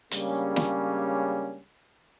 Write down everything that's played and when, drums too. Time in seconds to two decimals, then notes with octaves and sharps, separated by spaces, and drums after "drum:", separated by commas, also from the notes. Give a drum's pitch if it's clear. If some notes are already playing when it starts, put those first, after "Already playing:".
0.11 C#3 G3 G#3 A#3 C#4 D4, drum: hi-hat
0.56 drum: snare